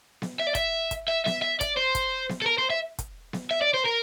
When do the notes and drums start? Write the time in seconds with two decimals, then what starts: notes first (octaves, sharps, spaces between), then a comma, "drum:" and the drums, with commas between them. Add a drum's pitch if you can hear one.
0.22 drum: snare B3
0.39 E5
0.47 D5
0.55 E5, drum: kick, hi-hat
0.91 drum: kick, hi-hat
1.08 E5
1.26 E5, drum: snare B3
1.43 E5
1.61 D5, drum: kick, hi-hat
1.77 C5
1.95 drum: kick, hi-hat
2.29 drum: snare B3
2.42 A4
2.46 A#4
2.58 C5
2.70 E5
2.99 drum: kick, hi-hat
3.33 drum: snare B3
3.51 E5
3.61 D5
3.74 C5
3.85 A#4